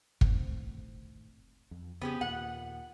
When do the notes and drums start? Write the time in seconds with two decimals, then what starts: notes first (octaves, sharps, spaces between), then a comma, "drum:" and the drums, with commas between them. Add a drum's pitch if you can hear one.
0.21 A2 D#3 C4, drum: kick
1.71 F2
2.01 C#3 B3 C4 G4 G#4
2.21 D#2 A#2 F#5